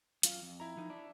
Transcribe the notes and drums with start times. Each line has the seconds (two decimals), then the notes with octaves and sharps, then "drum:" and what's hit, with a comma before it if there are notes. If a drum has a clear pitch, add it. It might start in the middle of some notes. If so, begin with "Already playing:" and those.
0.23 F#2 F4 F5, drum: hi-hat
0.42 F2
0.60 E4 A#5
0.77 F3 D#4
0.90 D4 E5